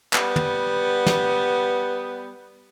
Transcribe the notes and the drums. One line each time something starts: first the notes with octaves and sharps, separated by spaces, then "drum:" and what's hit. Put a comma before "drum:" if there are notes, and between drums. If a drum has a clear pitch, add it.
G3 B3, drum: clap
drum: tom
drum: snare